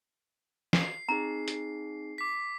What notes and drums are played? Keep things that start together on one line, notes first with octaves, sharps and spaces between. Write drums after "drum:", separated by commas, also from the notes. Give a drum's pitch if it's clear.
C7, drum: snare
C4 D#4 G#4 A#5
drum: hi-hat
D6 B6